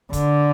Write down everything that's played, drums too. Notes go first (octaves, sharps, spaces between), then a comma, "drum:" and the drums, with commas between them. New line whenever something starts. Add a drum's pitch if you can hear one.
D3, drum: kick, hi-hat